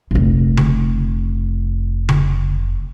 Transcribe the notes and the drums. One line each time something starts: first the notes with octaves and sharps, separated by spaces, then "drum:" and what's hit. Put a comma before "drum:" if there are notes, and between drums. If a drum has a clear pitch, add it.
F1 A#1
drum: tom C#3
drum: tom C#3